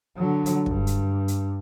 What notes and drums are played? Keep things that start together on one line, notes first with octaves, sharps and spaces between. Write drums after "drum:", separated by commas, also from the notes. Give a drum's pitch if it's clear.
D3 F#3
drum: hi-hat
G2, drum: kick
drum: hi-hat
drum: hi-hat